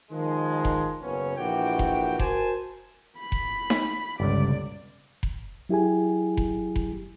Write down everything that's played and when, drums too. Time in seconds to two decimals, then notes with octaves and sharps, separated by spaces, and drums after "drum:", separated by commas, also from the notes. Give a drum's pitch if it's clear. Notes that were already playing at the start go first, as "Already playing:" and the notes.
0.12 D#3 F3 G#3
0.65 drum: kick F1
1.03 F#1 B3 C#4
1.37 A#1 E3 F#4 G4 G5
1.79 drum: kick F1
2.19 F#4 A#4 C5 G#5 A5, drum: kick F1
3.19 B5
3.32 drum: kick F1
3.70 drum: snare D#4
4.20 G1 C#2 D5
5.23 drum: kick F1
5.69 F#3 E4 G4 G#4 G#5
6.37 drum: kick F1
6.76 drum: kick F1